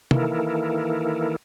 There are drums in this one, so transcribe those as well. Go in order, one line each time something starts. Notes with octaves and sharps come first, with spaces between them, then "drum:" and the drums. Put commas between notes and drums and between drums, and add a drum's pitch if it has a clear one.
D#3 E3 A#3 E4 A4 A#4, drum: tom